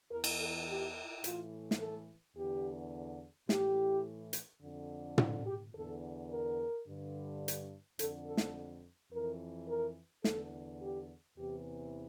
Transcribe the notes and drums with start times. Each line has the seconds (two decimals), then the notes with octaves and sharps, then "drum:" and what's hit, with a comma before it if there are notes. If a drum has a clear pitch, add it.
0.11 E2 E3 A#4
0.24 drum: cymbal
0.39 A4
0.68 G4
1.24 A2 E3 F4, drum: hi-hat
1.71 drum: snare
1.80 A4
2.37 E2 D3 G4
3.49 A2 E3 G4, drum: snare
4.33 drum: hi-hat
4.61 F2 D3
5.18 F4, drum: tom
5.46 G4
5.74 E2 D3 A4
6.31 A#4
6.86 G2 D3
7.48 drum: hi-hat
7.99 F2 D3 A4, drum: hi-hat
8.28 A4
8.37 drum: snare
9.12 F2 E3 A#4
9.68 A#4
10.24 E2 D3 A4, drum: snare
10.81 G4
11.37 E2 C3 E3 G4